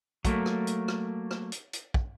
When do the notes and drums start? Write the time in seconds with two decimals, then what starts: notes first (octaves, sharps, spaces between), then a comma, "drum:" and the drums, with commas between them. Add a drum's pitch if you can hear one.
0.25 F#3 A3 A#3, drum: kick, hi-hat
0.46 drum: rim click
0.67 drum: hi-hat
0.88 drum: rim click
1.31 drum: rim click
1.52 drum: hi-hat
1.73 drum: hi-hat
1.94 drum: kick